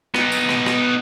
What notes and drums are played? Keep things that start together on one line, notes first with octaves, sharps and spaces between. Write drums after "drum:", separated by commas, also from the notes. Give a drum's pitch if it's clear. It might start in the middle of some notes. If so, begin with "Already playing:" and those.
B3 D#4, drum: rim click
drum: tambourine
drum: rim click
drum: rim click